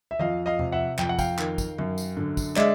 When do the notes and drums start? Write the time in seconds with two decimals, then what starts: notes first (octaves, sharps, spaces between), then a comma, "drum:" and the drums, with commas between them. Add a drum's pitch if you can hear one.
0.11 E5
0.19 F2 D#5 F5, drum: tom D#3
0.46 D#5 F5
0.59 C3, drum: tom E2
0.72 E5 F#5
0.98 F2 G5, drum: clap
1.09 F#5
1.19 F5 G5, drum: kick, tambourine
1.39 D#3, drum: clap
1.58 drum: kick, tambourine
1.78 F#2, drum: tom D3
1.98 drum: tambourine
2.17 D3, drum: tom G#2
2.37 drum: kick, tambourine
2.56 G#3 D5 E5, drum: clap